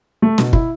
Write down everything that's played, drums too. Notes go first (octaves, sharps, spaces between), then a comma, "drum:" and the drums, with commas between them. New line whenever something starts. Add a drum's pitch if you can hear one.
A3
B2, drum: snare
E4, drum: kick